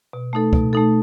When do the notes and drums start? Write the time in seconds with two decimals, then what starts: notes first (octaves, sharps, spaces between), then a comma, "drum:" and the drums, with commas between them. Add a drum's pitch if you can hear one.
0.13 B2
0.33 A3 D#4 A4
0.53 B2, drum: kick
0.73 A3 D#4 A4